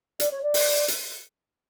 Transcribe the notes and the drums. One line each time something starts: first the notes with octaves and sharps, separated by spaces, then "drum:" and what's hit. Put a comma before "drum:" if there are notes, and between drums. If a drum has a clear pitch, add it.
D5, drum: hi-hat
C#5
D5
drum: open hi-hat
drum: hi-hat